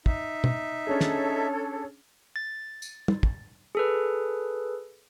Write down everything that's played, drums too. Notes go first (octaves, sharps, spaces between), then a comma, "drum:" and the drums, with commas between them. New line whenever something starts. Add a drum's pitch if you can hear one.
D#4 E5, drum: kick
drum: tom
C#4 D4 G#4 A4 C#5
drum: snare
A6
drum: tambourine
drum: tom
drum: kick
G#4 A4 B4